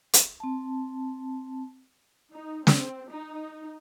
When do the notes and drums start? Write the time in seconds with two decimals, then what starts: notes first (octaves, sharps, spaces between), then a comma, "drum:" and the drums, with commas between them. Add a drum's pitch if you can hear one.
0.13 drum: hi-hat
0.40 C4 A5
2.33 D#4
2.67 C4, drum: snare
3.10 D#4